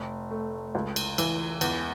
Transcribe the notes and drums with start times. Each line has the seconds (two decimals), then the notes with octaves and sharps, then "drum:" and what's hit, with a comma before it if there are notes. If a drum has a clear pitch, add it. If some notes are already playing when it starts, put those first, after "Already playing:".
Already playing: F1
0.31 A3
0.75 C#2
0.96 drum: cymbal
1.18 E3, drum: cymbal
1.61 E2, drum: cymbal